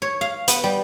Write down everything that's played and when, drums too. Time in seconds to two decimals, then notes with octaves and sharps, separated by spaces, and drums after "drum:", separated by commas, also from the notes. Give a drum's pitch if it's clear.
0.02 C#5
0.21 F5
0.48 B3, drum: hi-hat
0.64 G3